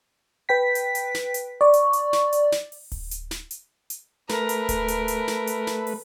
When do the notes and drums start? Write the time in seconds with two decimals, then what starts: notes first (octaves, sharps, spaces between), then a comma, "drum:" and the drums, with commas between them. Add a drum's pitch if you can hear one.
0.49 B4 G5 B6
0.75 drum: hi-hat
0.95 drum: hi-hat
1.15 drum: snare
1.34 drum: hi-hat
1.61 D5 C#6
1.74 drum: hi-hat
1.93 drum: hi-hat
2.13 drum: snare
2.33 drum: hi-hat
2.52 drum: snare
2.72 drum: open hi-hat
2.92 drum: kick D1, open hi-hat
3.11 drum: hi-hat
3.31 drum: snare
3.51 drum: hi-hat
3.90 drum: hi-hat
4.29 A3 A#4 B4, drum: snare
4.49 drum: hi-hat
4.69 drum: kick D1, hi-hat
4.88 drum: hi-hat
5.08 drum: hi-hat
5.28 drum: snare
5.47 drum: hi-hat
5.67 drum: snare
5.87 drum: open hi-hat